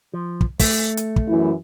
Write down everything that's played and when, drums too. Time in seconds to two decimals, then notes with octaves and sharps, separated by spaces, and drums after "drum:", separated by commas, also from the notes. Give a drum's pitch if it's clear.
0.14 F3
0.41 drum: kick
0.60 A3, drum: kick, open hi-hat
0.97 drum: hi-hat
1.16 drum: kick
1.28 F#2 E3 E4